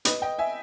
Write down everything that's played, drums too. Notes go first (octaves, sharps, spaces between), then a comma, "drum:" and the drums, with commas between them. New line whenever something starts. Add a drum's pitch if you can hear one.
B4 D#5, drum: hi-hat
D#5 G5
E5 G#5